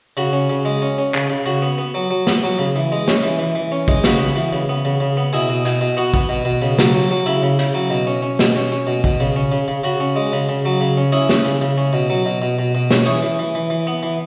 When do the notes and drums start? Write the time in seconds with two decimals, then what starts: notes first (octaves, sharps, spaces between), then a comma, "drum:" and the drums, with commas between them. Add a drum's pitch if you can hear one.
0.17 C#3 F#4
0.33 C#4
0.50 C#3
0.65 G#3
0.82 C#4
0.98 C#4
1.14 C#3, drum: clap
1.30 C#3
1.46 C#3 F#4
1.62 B3
1.78 B3
1.94 F#3
2.10 F#3
2.27 B3, drum: snare
2.43 F#3
2.59 C#3
2.76 E3
2.92 G#3
3.08 C#4, drum: snare
3.23 E3
3.39 E3
3.55 E3
3.72 C#4
3.88 G#3, drum: kick
4.04 C#3 F#4 B4, drum: snare
4.20 B3
4.36 E3
4.53 C#3
4.69 B3
4.85 C#3
5.00 C#3
5.17 B3
5.33 B2 E4 G#4
5.49 B2
5.65 B2, drum: hi-hat
5.81 B2
5.97 B3 F#4
6.14 B3, drum: kick
6.29 B2
6.45 B2
6.62 C#3
6.79 F#3, drum: snare
6.94 F#3
7.11 F#3
7.26 C#3 E4
7.43 C#3
7.59 C#3, drum: hi-hat
7.74 F#3
7.90 B2
8.07 C#4
8.22 C#4
8.39 B2, drum: snare
8.56 C#4
8.72 C#4
8.87 B2
9.04 B2, drum: kick
9.20 C#3
9.36 C#4
9.52 C#3
9.68 C#3
9.84 C#3 F#4
10.00 C#4
10.16 G#3
10.33 C#3
10.49 C#3
10.65 F#3
10.81 C#3
10.97 C#4
11.12 C#4 E4 G#4
11.29 C#4, drum: snare
11.45 C#3
11.61 C#3
11.78 C#4
11.93 B2
12.10 F#3
12.26 B2
12.42 B2
12.59 B2
12.75 B2
12.91 C#4, drum: snare
13.06 E3 G#4 C#5
13.22 E3
13.39 E3
13.55 E3
13.70 E3
13.87 B3
14.03 E3